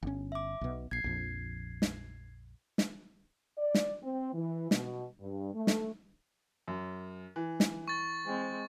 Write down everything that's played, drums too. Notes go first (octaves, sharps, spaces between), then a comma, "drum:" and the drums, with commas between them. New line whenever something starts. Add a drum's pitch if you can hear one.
G1 C#4
E5 D6
B1 B2
A#1 G#6 C7
A#1 F2
drum: snare
drum: snare
D5
drum: snare
C4
E3
B2, drum: snare
G2
A3
drum: snare
F#2
E3
drum: snare
C#6 A6
G#3 C4